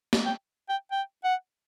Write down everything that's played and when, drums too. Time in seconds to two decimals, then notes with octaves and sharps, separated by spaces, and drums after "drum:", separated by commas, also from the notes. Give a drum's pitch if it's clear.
0.13 drum: snare
0.26 G5
0.69 G5
0.92 G5
1.24 F#5